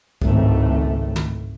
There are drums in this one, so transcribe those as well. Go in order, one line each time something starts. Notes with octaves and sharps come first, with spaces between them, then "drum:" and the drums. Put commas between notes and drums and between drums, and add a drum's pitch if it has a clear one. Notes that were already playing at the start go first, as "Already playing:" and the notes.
G#1 C#2 A2 A3, drum: kick C2
drum: tom